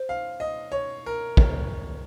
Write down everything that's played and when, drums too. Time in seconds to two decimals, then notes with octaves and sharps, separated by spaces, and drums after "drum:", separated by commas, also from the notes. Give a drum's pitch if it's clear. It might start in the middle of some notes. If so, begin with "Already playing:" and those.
Already playing: C5
0.09 F5
0.40 D#5
0.72 C#5
1.06 A#4
1.37 drum: kick